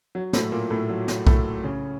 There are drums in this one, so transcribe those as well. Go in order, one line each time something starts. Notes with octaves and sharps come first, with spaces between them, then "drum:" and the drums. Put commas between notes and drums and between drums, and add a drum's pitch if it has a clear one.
F#3
A2 A3, drum: snare
A#2 A#3
A2 A3
F#3
drum: snare
A2 A3, drum: kick
C#3 C#4